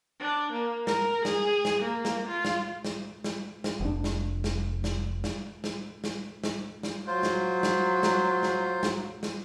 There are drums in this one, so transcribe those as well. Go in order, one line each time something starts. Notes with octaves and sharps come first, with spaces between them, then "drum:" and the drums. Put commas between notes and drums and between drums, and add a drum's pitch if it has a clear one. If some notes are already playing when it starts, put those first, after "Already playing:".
D4
A#3
A#4, drum: snare
G#4, drum: snare
drum: snare
A#3
drum: snare
F4
drum: snare
drum: snare
drum: snare
drum: snare
F1 D4
drum: snare
drum: snare
drum: snare
drum: snare
drum: snare
drum: snare
drum: snare
drum: snare
F#3 F4 C5
drum: snare
drum: snare
drum: snare
drum: snare
drum: snare
drum: snare